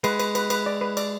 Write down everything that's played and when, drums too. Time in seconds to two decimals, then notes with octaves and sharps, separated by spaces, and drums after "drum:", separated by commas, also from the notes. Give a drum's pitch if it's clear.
0.04 G#3 B4, drum: cymbal
0.20 B4, drum: cymbal
0.35 B4, drum: cymbal
0.50 B4, drum: cymbal
0.66 D5
0.81 B4
0.97 D5, drum: cymbal